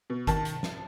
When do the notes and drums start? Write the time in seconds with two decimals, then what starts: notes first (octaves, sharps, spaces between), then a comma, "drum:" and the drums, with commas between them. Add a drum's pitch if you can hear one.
0.10 B2
0.27 D#3 A5, drum: kick G1, hi-hat
0.45 drum: hi-hat
0.63 drum: snare